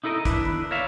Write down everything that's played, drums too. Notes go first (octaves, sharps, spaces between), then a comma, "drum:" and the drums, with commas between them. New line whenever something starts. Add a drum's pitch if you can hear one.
D#4 E4 A4 A#4 D#5
D4 E4 B4, drum: kick, hi-hat
drum: tom
A#4 C#5 D5 E5 F5